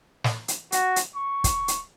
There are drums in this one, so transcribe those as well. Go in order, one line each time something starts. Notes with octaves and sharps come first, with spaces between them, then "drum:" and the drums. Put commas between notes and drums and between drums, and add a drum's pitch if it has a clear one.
drum: snare
drum: hi-hat
F#4, drum: hi-hat
drum: hi-hat
C#6
drum: kick, hi-hat
drum: hi-hat